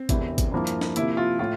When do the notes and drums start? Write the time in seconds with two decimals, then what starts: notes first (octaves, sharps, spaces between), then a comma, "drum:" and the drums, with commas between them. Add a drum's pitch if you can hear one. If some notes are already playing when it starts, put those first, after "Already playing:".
Already playing: C4
0.09 E1 E2 C3 E3, drum: kick, hi-hat
0.38 drum: kick, hi-hat
0.52 G2 F3 A#3 E4 A#4
0.67 drum: hi-hat
0.81 drum: snare D4
0.96 C3 F3 A#3 E4, drum: hi-hat
1.17 F4
1.39 A2 F4